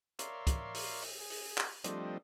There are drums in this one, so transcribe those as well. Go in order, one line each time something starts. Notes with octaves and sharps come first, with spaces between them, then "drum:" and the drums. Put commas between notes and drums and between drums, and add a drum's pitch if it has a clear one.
A#4 C#5 D5 E5 F5 C6, drum: hi-hat
drum: kick, hi-hat
drum: open hi-hat
drum: open hi-hat
G#4
drum: open hi-hat
drum: clap
F3 G3 A3 C4 D4 D#5, drum: hi-hat